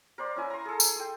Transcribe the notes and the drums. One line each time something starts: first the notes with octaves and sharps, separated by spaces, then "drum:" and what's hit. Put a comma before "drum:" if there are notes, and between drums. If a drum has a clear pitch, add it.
A#4 C5 D5 C6
C#4 E4 G#5
A#5 C6
G#4 A4
G#5, drum: tambourine
A4 G5